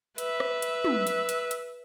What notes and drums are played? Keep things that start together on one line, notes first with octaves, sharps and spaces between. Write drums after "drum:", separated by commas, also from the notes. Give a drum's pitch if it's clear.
B4 E5, drum: hi-hat
drum: rim click
drum: hi-hat
drum: tom
drum: hi-hat
drum: hi-hat
drum: hi-hat